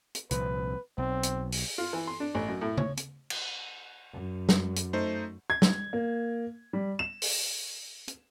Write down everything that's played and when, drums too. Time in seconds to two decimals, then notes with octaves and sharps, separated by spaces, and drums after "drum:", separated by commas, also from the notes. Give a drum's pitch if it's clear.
0.15 drum: hi-hat
0.31 C2 A#2 F3 B4, drum: hi-hat
0.98 B1 C4
1.23 drum: hi-hat
1.52 drum: open hi-hat
1.78 F4
1.93 E3
2.07 C6
2.20 D4
2.35 A1
2.48 F#2
2.61 A2
2.78 C#5, drum: tom C#3
2.97 drum: hi-hat
3.30 drum: cymbal
4.13 F#2
4.49 drum: snare
4.76 drum: hi-hat
4.93 A3 D#4 C5
5.50 G#6
5.62 drum: snare
5.93 A#3
6.73 G3
6.99 E7
7.22 drum: open hi-hat
8.08 drum: hi-hat